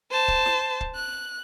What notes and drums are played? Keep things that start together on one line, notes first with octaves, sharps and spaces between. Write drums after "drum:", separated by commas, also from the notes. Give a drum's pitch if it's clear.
C5 A5
drum: kick
drum: snare
drum: kick
F#6